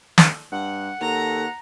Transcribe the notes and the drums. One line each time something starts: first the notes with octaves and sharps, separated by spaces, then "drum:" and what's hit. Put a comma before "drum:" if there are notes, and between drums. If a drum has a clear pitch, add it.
drum: snare
G2 F#5
D#2 A4 A#5